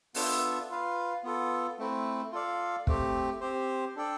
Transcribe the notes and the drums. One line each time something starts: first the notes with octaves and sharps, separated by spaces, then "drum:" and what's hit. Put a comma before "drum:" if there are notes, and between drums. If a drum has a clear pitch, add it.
B3 D4 F4 A4 E5, drum: open hi-hat
F4 B4 F5
B3 F4 A4
A3 C4 E4
F4 A4 D5 F5
A3 C4 G4, drum: kick
C4 G4 C5
D4 A4 D5 G5